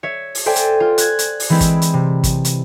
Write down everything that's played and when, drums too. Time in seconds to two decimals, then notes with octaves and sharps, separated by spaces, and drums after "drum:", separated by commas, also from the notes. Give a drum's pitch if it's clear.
0.03 C#5 E5
0.35 drum: open hi-hat
0.46 A4 C5 D5 E5 G5 G#5
0.56 drum: hi-hat
0.80 F4
0.98 F#6 G#6, drum: hi-hat
1.19 drum: hi-hat
1.40 drum: open hi-hat
1.50 E3 G#3 C4 E4
1.61 drum: kick, hi-hat
1.82 drum: hi-hat
1.94 C3
2.24 drum: kick, hi-hat
2.45 drum: hi-hat